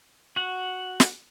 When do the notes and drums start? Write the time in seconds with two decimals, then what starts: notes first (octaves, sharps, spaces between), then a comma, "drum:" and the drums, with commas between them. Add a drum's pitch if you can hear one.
0.36 F#4 F#5
1.00 drum: snare